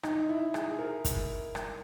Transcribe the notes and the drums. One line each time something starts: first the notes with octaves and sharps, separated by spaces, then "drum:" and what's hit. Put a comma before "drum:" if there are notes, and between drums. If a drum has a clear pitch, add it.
D#4, drum: rim click
E4
G#4, drum: rim click
G#4
A#4
drum: kick, hi-hat
drum: rim click